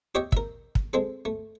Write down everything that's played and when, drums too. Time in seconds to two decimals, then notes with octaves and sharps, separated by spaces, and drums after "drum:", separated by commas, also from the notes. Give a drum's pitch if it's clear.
0.15 G4 C#5 D#5 E5 G5
0.32 A#4 E5, drum: kick
0.75 drum: kick
0.93 G#3 C4 A4
1.25 A3